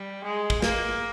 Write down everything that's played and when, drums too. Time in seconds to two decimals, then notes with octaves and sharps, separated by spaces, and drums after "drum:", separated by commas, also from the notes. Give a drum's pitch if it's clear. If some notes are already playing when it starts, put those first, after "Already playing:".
Already playing: G3
0.24 G#3
0.50 drum: kick
0.62 A#3, drum: snare